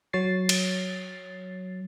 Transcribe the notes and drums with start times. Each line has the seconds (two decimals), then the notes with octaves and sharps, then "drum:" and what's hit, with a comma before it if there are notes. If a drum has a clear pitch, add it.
0.13 F#3 C#5 A6 C7
0.49 drum: cymbal